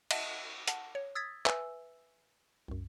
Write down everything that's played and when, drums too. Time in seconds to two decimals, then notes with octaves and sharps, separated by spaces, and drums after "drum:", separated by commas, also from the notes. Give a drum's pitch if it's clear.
0.11 D#5 E5 F#5 A5, drum: cymbal
0.68 F#5 A5, drum: hi-hat
0.95 C#5
1.15 D#6 E6 G#6 A6 B6
1.46 B4 E5 G#5 E6, drum: clap
2.68 C2 F#2